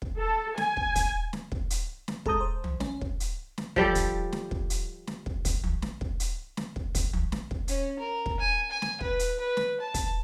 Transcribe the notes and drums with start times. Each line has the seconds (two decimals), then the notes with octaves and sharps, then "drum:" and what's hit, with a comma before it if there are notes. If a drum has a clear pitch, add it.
0.02 drum: kick
0.18 A4
0.58 G#5, drum: snare
0.77 drum: kick
0.95 drum: kick, hi-hat
1.33 drum: snare
1.52 drum: kick
1.70 drum: hi-hat
2.08 drum: snare
2.26 G#3 A4 A5 A#5 D#6 G6, drum: kick
2.41 C5
2.64 drum: tom
2.80 C#4, drum: snare
3.01 drum: kick
3.20 drum: hi-hat
3.58 drum: snare
3.76 F3 G3 G4 A4, drum: kick
3.95 drum: kick, hi-hat
4.32 drum: snare
4.51 drum: kick
4.70 drum: hi-hat
5.07 drum: snare
5.26 drum: kick
5.45 drum: kick, hi-hat
5.64 drum: tom
5.82 drum: snare
6.01 drum: kick
6.20 drum: hi-hat
6.57 drum: snare
6.76 drum: kick
6.95 drum: kick, hi-hat
7.13 drum: tom
7.32 drum: snare
7.51 drum: kick
7.68 C#4, drum: hi-hat
7.99 A#4
8.26 drum: kick
8.40 G#5
8.71 G#5
8.82 drum: snare
9.01 B4, drum: kick
9.19 drum: hi-hat
9.39 B4
9.57 drum: snare
9.80 A5
9.94 drum: kick, hi-hat